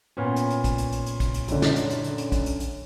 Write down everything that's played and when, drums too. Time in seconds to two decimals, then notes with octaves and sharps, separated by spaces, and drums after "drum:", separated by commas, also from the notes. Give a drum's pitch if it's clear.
0.17 A#2 B3 C#4 C#5
0.36 drum: hi-hat
0.50 drum: hi-hat
0.64 drum: kick, hi-hat
0.78 drum: hi-hat
0.92 drum: hi-hat
1.06 drum: hi-hat
1.20 drum: kick, hi-hat
1.34 drum: hi-hat
1.48 F#2 D3, drum: hi-hat
1.62 drum: snare
1.76 drum: hi-hat
1.90 drum: hi-hat
2.04 drum: hi-hat
2.18 drum: hi-hat
2.32 drum: kick, hi-hat
2.46 drum: hi-hat
2.60 drum: hi-hat